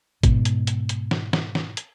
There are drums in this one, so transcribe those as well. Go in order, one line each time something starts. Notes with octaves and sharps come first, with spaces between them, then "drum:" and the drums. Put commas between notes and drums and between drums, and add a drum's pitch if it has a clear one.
G#2 B2, drum: kick, hi-hat
drum: hi-hat
drum: hi-hat
drum: hi-hat
drum: snare
drum: snare
drum: snare
drum: hi-hat